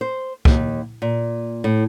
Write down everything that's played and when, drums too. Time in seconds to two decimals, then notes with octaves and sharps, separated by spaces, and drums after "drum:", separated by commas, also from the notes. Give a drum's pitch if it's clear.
0.01 C5
0.45 D#2, drum: kick
1.02 A#2
1.64 A2